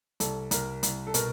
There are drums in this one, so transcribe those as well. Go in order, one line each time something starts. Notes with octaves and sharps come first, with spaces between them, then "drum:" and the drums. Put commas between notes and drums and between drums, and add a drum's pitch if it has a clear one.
C2 A4, drum: hi-hat
C2 A#4, drum: hi-hat
C2, drum: hi-hat
A4
B2 A#4, drum: hi-hat